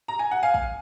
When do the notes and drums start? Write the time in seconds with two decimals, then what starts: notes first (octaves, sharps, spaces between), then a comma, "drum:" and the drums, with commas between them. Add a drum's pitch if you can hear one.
0.08 A#5
0.19 G#5
0.31 F#5
0.43 F5 G#5
0.54 drum: kick